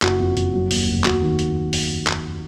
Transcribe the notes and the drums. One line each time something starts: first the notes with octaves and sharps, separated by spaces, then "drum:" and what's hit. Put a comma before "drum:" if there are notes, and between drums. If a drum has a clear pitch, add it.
F#1 F#4, drum: clap
F2
F#1, drum: hi-hat
F#3
D#2, drum: open hi-hat
F1
D#2 F#4, drum: clap
D#3
drum: hi-hat
drum: open hi-hat
drum: clap